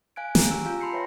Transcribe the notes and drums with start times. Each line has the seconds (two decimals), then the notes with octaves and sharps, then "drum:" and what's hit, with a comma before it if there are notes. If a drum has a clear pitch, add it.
0.16 F5 G#5 F#6 G#6 D7
0.35 C#4 G#4 A#5 D7, drum: snare
0.47 G4 G#5 E6
0.66 F4 F5 A#5 G6
0.80 A5 B5 C6 C7 C#7
0.93 B4 C#5 E5 G5 A#6